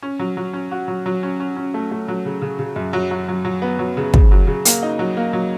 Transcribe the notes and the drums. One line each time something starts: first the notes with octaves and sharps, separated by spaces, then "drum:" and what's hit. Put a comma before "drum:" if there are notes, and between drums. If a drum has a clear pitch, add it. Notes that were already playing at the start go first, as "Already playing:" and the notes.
C#4
F#3
F#3
C#4
F#4
F#3
F#3
C#4
C#4
C#4
A3
A3
F#3
C#3
C#3
C#3
F#2
F#3
F#3
F#3
F#3
B3
F#3
C#3
C#3, drum: kick
F#3
C#3
A#3, drum: hi-hat
D#4
F#3
A#3
F#3